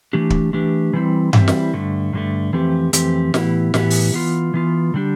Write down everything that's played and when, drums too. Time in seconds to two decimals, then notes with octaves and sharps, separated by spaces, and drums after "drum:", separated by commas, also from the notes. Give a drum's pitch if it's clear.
0.13 E3 A3 D4 G4
0.30 drum: kick
0.53 E3 A3 D4 G4
0.93 E3 G3 C4 E4
1.33 E3 G3 C4 E4, drum: tom G2
1.48 drum: snare
1.74 G2 D3 A3
2.13 G2 D3 A3
2.53 F2 E3 A3 C4 G4
2.93 F2 E3 A3 C4 G4, drum: hi-hat
3.34 A2 E3 B3 E4 G4, drum: snare
3.74 A2 E3 B3 E4 G4, drum: snare
3.90 drum: open hi-hat
4.13 E3 B3 F4
4.54 E3 B3 F4
4.94 D3 G3 D4 G4